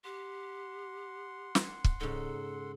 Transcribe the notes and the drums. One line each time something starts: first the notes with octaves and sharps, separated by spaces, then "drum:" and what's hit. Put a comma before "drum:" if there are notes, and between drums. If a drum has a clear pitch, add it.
G4 F#5 C6
drum: snare
drum: kick
G#2 C#3 A4